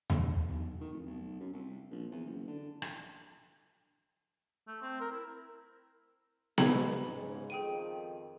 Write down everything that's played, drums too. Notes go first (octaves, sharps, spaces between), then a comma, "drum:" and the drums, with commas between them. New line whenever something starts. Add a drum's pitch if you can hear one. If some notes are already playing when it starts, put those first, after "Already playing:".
G2, drum: tom D#2
B1
D#3
F1
B1
F#2
C2
A#1
E2
F#1
D3
drum: rim click
A3
C4
A#4
E4
G#3 A#5 B5 G#6, drum: snare B3
G#2 C#3
F2 D#3 G#4 G5 D#7